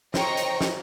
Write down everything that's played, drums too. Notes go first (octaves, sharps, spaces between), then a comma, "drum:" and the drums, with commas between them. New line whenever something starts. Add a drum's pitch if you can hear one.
C5 C#5 D#5 G5 A#5 C#6, drum: snare
drum: hi-hat
drum: snare